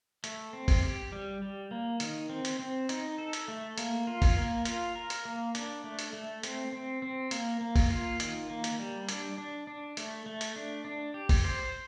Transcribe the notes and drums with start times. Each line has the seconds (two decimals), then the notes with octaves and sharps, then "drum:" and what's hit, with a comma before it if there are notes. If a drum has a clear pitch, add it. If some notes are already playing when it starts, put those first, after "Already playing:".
0.24 A3, drum: hi-hat
0.53 C4
0.68 drum: kick G1, open hi-hat
0.82 G4
1.12 G3
1.42 G3
1.71 A#3
2.00 D#3, drum: hi-hat
2.30 C4
2.45 drum: hi-hat
2.60 C4
2.89 D#4, drum: hi-hat
3.18 A4
3.33 drum: hi-hat
3.48 A3
3.78 A#3, drum: hi-hat
4.07 F4
4.22 drum: kick G1, open hi-hat
4.37 A#3
4.65 F4, drum: hi-hat
4.96 A#4
5.10 drum: hi-hat
5.25 A#3
5.55 D4, drum: hi-hat
5.84 A3
5.99 drum: hi-hat
6.13 A3
6.43 C4, drum: hi-hat
6.73 C4
7.02 C4
7.31 A#3, drum: hi-hat
7.61 A#3
7.76 drum: kick G1, open hi-hat
7.90 F4
8.20 D#3, drum: hi-hat
8.50 A#3
8.64 drum: hi-hat
8.79 G3
9.09 D4, drum: hi-hat
9.38 D4
9.67 D4
9.97 A3, drum: hi-hat
10.26 A3
10.41 drum: hi-hat
10.56 D4
10.85 D4
11.14 G4
11.29 drum: kick G1, open hi-hat
11.44 C5